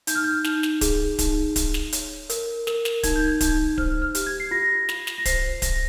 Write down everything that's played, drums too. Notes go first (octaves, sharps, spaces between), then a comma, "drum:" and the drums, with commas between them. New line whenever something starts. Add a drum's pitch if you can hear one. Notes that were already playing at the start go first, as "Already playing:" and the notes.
D#4 G6, drum: hi-hat
F6
G6
D#4, drum: snare
drum: snare
G#4, drum: kick D1, hi-hat
D#4, drum: kick D1, hi-hat
D#4, drum: kick D1, hi-hat
drum: snare
C#5, drum: hi-hat
A#4, drum: hi-hat
A#4, drum: snare
drum: snare
D#4 G#6, drum: kick D1, hi-hat
G6
G#6
D#4 G6, drum: kick D1, hi-hat
C5 F6, drum: kick D1
F6
G4, drum: hi-hat
G#6
C7
F4 A#6
F4, drum: snare
drum: snare
A#6
C5 C7, drum: kick D1, hi-hat
C5 A#6, drum: kick D1, hi-hat